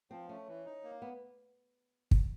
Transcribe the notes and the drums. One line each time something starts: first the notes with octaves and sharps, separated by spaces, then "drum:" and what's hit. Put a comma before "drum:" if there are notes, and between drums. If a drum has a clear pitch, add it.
F3 C4
A3 C#4
E3
D#4
A#3
B3
drum: kick